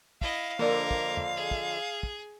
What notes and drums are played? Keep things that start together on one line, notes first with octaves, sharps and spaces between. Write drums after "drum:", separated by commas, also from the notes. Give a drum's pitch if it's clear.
E4 D#5 F5, drum: kick
F2 D3 A#3 D4 A#4
drum: kick
drum: tom
G#4
drum: kick
drum: kick